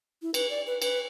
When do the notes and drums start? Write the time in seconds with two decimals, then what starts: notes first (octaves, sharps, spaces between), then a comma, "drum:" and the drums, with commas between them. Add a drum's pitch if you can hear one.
0.22 E4
0.34 B4, drum: cymbal
0.50 D5
0.67 B4
0.82 B4, drum: cymbal